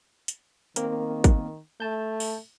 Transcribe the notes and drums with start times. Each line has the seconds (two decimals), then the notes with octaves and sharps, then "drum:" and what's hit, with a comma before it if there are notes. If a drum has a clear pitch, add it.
0.28 drum: hi-hat
0.76 D#3 A#3 C4 A#4, drum: hi-hat
1.24 drum: kick, hi-hat
1.80 A3 A5 G6
2.20 drum: open hi-hat